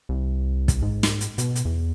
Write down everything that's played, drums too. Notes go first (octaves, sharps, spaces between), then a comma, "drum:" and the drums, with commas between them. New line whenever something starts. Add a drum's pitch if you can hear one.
C2
drum: kick, hi-hat
G#2
drum: snare
drum: hi-hat
B2, drum: hi-hat
drum: hi-hat
E2